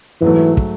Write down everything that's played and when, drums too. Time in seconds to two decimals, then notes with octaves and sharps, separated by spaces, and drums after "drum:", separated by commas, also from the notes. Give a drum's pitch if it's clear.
0.22 G#2 E3 F#3 A3
0.57 drum: kick